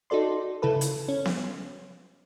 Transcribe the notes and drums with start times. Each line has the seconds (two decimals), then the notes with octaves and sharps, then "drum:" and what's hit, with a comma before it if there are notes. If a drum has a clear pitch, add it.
0.10 D#4 F#4 A4 D5 C6
0.62 C#3 E4 A4 B4
0.81 drum: hi-hat
1.08 C#4
1.25 drum: snare B3